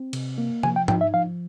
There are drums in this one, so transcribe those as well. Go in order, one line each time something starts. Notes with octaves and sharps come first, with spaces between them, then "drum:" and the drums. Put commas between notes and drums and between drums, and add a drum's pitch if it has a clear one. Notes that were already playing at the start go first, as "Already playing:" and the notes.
Already playing: C4
C3, drum: cymbal
A#3
F3 G#5, drum: tom C3
G5
D#4 G5, drum: tom G#2
E5
F3 F5